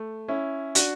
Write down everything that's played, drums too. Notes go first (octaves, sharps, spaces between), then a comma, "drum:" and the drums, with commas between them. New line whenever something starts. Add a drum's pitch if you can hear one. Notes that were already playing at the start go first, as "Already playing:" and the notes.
Already playing: A3
C#4 E4
D4 F#4, drum: hi-hat